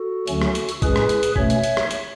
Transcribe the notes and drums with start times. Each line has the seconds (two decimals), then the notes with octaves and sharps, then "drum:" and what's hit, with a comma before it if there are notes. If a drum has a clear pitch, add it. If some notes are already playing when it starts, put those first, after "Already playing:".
Already playing: F#4 A4
0.27 D2 D3 F#3 A3 C#4, drum: hi-hat
0.42 drum: rim click
0.55 drum: hi-hat
0.69 drum: hi-hat
0.82 A2 G#3 C#4 G#4 B4, drum: kick, hi-hat
0.96 drum: rim click
1.09 drum: hi-hat
1.23 drum: hi-hat
1.36 B2 A3 C#4 C#5 E5, drum: kick
1.50 drum: hi-hat
1.64 drum: hi-hat
1.77 drum: rim click
1.91 drum: hi-hat